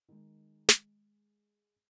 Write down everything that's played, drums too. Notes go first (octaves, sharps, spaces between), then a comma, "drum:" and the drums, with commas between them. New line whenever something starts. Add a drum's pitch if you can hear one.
D#3 G#3
G#3, drum: snare